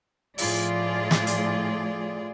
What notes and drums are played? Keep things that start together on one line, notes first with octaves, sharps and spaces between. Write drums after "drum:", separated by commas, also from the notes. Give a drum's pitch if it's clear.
A2 F3 F4 G#4 D5, drum: open hi-hat
drum: snare
drum: hi-hat